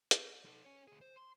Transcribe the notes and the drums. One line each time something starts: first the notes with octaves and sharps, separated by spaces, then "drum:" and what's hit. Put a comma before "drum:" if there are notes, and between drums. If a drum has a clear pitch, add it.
drum: hi-hat
D#4 A4
C#4 C#5
D2 G#4
C5
C6